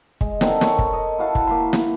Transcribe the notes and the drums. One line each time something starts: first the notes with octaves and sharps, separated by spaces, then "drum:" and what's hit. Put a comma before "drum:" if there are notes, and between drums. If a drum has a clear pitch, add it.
G#3, drum: kick
D3 C4 A4 A#4, drum: snare
C#5, drum: snare
drum: kick
D#5
E4 F#4 F5 A5
drum: kick
A#3 B5 C6
drum: snare